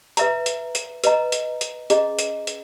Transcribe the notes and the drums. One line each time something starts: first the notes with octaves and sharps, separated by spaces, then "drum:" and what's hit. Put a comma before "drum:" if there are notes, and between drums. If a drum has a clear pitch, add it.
B4 E5 A#5, drum: hi-hat
drum: hi-hat
drum: hi-hat
B4 D#5 A#5, drum: hi-hat
drum: hi-hat
drum: hi-hat
C#4 G#4 D#5 A#5, drum: hi-hat
drum: hi-hat
drum: hi-hat